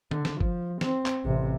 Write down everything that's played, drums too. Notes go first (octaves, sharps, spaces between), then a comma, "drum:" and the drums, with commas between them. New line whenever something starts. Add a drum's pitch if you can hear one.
D3, drum: tom C#3
drum: snare
F3, drum: kick F#1
C4, drum: snare
drum: clap
A1 C3